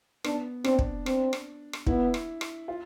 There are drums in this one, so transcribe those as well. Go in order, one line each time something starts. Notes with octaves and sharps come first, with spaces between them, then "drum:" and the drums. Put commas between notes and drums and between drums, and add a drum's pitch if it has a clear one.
B3 D4, drum: rim click
C4 D4, drum: rim click
drum: kick
C4, drum: rim click
drum: rim click
drum: rim click
B3 E4, drum: kick
drum: rim click
drum: rim click
F4